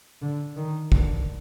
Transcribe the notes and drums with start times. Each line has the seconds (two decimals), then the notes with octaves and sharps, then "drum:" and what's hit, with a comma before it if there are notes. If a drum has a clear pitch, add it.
0.22 D3
0.57 D#3
0.92 D3, drum: kick